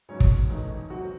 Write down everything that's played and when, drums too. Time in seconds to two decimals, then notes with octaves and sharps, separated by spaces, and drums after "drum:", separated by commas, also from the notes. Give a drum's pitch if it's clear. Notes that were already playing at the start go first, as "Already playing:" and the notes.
0.09 G#2 F#3 C#4 C#5
0.20 drum: kick
0.50 E2 D#3 A3 D#4
0.90 C3 F#3 C4 F#4